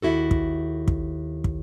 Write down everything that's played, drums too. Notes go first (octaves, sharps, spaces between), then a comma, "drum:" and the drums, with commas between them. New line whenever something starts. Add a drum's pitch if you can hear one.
D#2 E4 F#4 A4
drum: kick
drum: kick
drum: kick